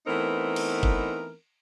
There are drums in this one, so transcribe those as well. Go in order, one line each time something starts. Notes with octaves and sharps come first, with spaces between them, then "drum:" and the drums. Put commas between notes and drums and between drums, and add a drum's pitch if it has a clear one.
E3 A3 B3 C4 D#4 A#4
drum: cymbal
drum: kick